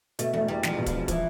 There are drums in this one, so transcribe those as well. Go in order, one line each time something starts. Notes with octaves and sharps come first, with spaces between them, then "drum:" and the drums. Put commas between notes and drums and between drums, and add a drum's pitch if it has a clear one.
B2 A3, drum: hi-hat
E1 A3
E2 G3
E1 F3, drum: snare
B2
F3, drum: kick, hi-hat
E1
E3 F3, drum: kick, hi-hat